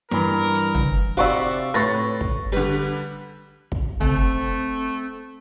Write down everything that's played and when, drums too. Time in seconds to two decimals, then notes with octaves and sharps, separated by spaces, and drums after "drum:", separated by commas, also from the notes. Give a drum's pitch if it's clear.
0.11 G2 E3 A#4, drum: snare
0.54 drum: hi-hat
0.75 drum: tom
1.17 C3 E4 F#4 D5 F5 C#6 E6
1.74 A2 B4 C#5 C#6 A6 A#6
2.21 drum: kick
2.52 D3 G3 B4
3.72 drum: kick
4.01 A3 C4, drum: tom